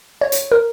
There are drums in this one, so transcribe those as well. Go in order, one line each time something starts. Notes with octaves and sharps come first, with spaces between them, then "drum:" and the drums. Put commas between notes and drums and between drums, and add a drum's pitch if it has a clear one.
C#5
drum: hi-hat
A#4